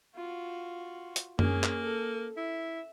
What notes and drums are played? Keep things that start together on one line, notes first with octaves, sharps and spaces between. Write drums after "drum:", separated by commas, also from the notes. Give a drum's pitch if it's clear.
F4 F#4
drum: hi-hat
A#3 C#4 G#4, drum: tom F#2
drum: clap
A4
E4 E5